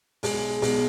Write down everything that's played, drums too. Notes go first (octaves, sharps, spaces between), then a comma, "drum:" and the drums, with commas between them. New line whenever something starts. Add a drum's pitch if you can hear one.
B1 B2 G#3, drum: open hi-hat
B1 B2 G#3, drum: open hi-hat